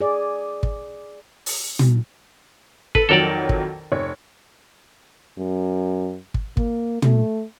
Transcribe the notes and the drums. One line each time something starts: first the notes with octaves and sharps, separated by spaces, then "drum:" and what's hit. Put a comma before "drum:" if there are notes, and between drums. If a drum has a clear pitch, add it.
G#4 D5
drum: kick
drum: open hi-hat
drum: tom
A4 B4, drum: kick
F2 D#3 F#3 A4 A#4 D5
drum: kick
F1 C#5
F#2
drum: kick
A#3, drum: kick
A3, drum: tom